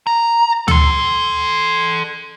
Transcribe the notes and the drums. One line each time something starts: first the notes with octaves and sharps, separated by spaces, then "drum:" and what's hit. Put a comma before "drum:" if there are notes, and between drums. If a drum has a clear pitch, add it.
A#5
A4 C6, drum: tom D2